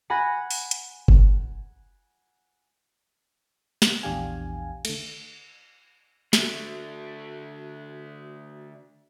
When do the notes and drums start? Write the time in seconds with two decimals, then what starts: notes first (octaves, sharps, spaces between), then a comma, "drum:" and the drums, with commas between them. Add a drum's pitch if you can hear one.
0.10 F#5 G#5 B5 F#6 G#6 A#6
0.51 drum: open hi-hat
0.71 drum: hi-hat
1.08 drum: kick
3.82 drum: snare
4.03 A#1 E2 D4 G4 F5 G#5
4.85 D3 A3, drum: cymbal
6.33 D3 A3 F#4 E5, drum: snare